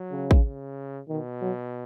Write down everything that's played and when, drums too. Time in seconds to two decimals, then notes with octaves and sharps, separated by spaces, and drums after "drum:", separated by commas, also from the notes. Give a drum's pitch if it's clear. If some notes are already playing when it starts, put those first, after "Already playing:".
Already playing: F#3
0.11 C#3
0.31 drum: kick
0.43 C#3
1.08 B2 D#3
1.41 F#3